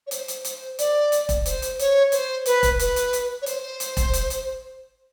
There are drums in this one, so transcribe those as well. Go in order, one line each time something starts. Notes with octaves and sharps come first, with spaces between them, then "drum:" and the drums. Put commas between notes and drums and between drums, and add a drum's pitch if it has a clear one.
C#5
C5, drum: hi-hat
drum: hi-hat
C5, drum: hi-hat
D5, drum: hi-hat
drum: hi-hat
drum: kick E1, hi-hat
C5, drum: hi-hat
drum: hi-hat
C#5, drum: hi-hat
C5, drum: hi-hat
B4, drum: hi-hat
drum: kick E1, hi-hat
B4, drum: hi-hat
drum: hi-hat
drum: hi-hat
C#5
C5, drum: hi-hat
drum: hi-hat
drum: kick E1, hi-hat
drum: hi-hat
drum: hi-hat